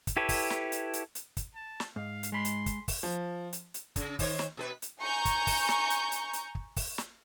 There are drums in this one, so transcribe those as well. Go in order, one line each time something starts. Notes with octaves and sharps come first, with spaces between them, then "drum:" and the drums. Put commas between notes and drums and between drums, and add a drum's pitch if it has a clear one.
drum: kick, hi-hat
E4 G4 A4 B4 C#5
drum: kick, open hi-hat
drum: snare
drum: hi-hat
drum: hi-hat
drum: hi-hat
drum: kick, hi-hat
A5
drum: snare
G#2 F5
drum: hi-hat
G#3 B5 C6
drum: hi-hat
drum: kick, hi-hat
drum: kick, open hi-hat
F3
drum: hi-hat
drum: hi-hat
C#3, drum: kick, hi-hat
D#3 C5 C#5, drum: kick, open hi-hat
drum: snare
B2 G#4 B4
drum: hi-hat
G#5 A#5 C#6 G6
drum: kick, hi-hat
drum: kick, open hi-hat
drum: snare
drum: hi-hat
drum: hi-hat
drum: hi-hat
drum: kick
drum: kick, open hi-hat
drum: snare